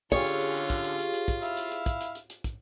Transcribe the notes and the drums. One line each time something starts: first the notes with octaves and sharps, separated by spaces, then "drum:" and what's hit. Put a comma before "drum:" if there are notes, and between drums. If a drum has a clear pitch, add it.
D3 C#4 F4 G4 G#4 C#5, drum: kick, hi-hat
drum: hi-hat
drum: hi-hat
drum: hi-hat
drum: kick, hi-hat
drum: hi-hat
drum: hi-hat
drum: hi-hat
drum: kick, hi-hat
E4 F5, drum: hi-hat
drum: hi-hat
drum: hi-hat
drum: kick, hi-hat
drum: hi-hat
drum: hi-hat
drum: hi-hat
drum: kick, hi-hat